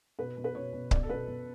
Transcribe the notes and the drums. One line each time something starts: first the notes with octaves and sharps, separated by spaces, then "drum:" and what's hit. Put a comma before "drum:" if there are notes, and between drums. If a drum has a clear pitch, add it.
B2 B4
B2
B4
B2 C#5
B2
B2 D5, drum: kick C#1
A4
B2 B4
B2